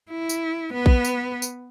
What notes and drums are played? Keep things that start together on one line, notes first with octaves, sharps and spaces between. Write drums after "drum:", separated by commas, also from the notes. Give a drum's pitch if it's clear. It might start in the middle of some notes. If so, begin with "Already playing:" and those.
E4
drum: tambourine
B3 B4
drum: kick A#1
drum: tambourine
drum: tambourine